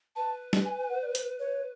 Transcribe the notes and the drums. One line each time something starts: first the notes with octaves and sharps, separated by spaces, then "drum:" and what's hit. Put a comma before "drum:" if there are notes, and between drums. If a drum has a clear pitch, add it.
B4 A5
drum: snare
G#5
G#5
F#5
D5
C5, drum: hi-hat
C#5